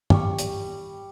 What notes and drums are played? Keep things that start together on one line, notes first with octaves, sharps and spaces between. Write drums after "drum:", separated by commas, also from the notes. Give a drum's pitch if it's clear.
G3 C#6, drum: tom
drum: hi-hat